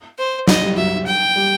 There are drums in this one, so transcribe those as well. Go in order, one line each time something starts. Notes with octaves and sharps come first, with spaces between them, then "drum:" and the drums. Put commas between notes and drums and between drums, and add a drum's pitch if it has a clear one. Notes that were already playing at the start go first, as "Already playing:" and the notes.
C5
F#3 D#5, drum: snare
G3
F#3 E5
G5
G3